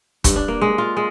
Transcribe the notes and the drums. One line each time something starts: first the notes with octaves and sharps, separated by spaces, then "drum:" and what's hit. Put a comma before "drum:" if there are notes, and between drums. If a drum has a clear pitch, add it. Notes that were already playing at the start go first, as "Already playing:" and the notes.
G2, drum: kick, hi-hat
D4
A#3
G#3
F4
G#3